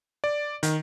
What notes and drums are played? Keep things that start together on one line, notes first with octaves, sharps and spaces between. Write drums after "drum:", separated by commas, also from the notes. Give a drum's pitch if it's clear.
D5
D#3, drum: hi-hat